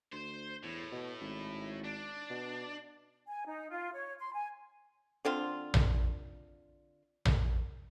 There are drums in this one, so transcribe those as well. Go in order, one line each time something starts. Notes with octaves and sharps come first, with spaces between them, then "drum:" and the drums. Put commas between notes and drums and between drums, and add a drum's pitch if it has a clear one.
D2 C5
E2 A2
B2
G#1
D4
B2
G#5
D#4
F4
C#5
C6
G#5
D3 C4 F4
drum: tom A#1
drum: tom A#1